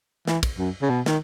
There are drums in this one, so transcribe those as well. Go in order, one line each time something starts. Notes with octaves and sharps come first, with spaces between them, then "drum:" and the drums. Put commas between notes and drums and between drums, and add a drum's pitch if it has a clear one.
E3, drum: snare
drum: kick, cymbal
F#2
C#3
B2
D#3, drum: snare